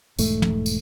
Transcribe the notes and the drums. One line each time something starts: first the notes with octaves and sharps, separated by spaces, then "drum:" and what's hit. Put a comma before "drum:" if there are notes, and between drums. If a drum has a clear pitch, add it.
E1 G#2 A3, drum: tambourine
drum: tom
drum: tambourine